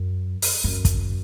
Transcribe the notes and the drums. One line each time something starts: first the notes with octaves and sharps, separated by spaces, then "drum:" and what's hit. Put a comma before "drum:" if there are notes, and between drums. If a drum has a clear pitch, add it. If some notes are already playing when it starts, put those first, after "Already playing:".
Already playing: F#2
drum: open hi-hat
F#2
drum: kick, hi-hat